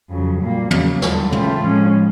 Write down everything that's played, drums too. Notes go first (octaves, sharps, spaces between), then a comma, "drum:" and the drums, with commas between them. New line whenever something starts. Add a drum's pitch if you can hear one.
F2 C#3 F#3
A#2 G3 A#3
E2 C#3 F#3 A#3, drum: tom
D#2 D3 G3, drum: snare
C#3 E3 A3 C4 F4, drum: tom
A2 F3 G#3 C#4